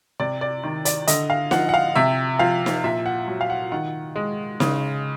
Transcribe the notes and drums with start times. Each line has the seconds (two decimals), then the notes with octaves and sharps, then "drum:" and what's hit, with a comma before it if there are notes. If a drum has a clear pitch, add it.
0.20 C3 D5
0.41 D5
0.64 D#3
0.85 D5, drum: hi-hat
1.08 D3 D#5, drum: hi-hat
1.30 F5
1.51 F3 F#5, drum: snare
1.69 F#5
1.74 F5
1.95 C3 E5
2.39 F3 F5
2.66 drum: snare
2.84 A#2 E5
3.06 F#5
3.28 F#3
3.41 F5
3.50 F#5
3.72 D#3 F#5
4.16 G#3
4.60 C#3, drum: snare